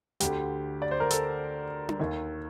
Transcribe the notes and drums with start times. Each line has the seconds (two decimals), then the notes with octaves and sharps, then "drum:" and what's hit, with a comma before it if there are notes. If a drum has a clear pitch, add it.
0.20 D2 D3 G4, drum: hi-hat
0.82 D5
0.91 C5
1.00 A#4
1.10 A4, drum: hi-hat
1.89 drum: tom D4
2.00 D#2 D#3